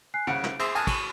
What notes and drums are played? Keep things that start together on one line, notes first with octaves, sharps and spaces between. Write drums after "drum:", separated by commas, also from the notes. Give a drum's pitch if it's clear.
G#5 F#6 C7
C2 C#3 F#5 D7
drum: snare
G#4 C5 E5, drum: cymbal
G#5 A5 D#6 F6 F#6, drum: cymbal
C#6 D#7 F#7, drum: kick, cymbal